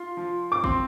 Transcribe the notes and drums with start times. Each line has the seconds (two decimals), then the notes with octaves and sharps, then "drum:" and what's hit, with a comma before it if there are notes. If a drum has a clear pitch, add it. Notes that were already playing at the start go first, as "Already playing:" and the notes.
Already playing: F4 C6
0.17 F3
0.52 D6
0.64 C4 C6, drum: kick G1